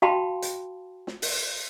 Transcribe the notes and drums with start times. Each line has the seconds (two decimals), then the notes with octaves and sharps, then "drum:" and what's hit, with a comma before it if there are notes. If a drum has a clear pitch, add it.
0.02 F#4 F5 G5 A5 B5 C6
0.42 drum: hi-hat
1.07 drum: snare
1.22 drum: open hi-hat